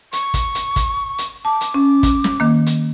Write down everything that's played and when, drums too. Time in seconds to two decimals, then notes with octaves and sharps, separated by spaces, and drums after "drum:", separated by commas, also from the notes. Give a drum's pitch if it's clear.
0.13 C#6, drum: hi-hat
0.34 drum: kick, hi-hat
0.55 drum: hi-hat
0.76 drum: kick, hi-hat
1.18 drum: hi-hat
1.45 A5 D6
1.61 drum: hi-hat
1.74 C#4
2.03 drum: kick, hi-hat
2.24 drum: snare
2.40 D#3 A#3
2.66 drum: hi-hat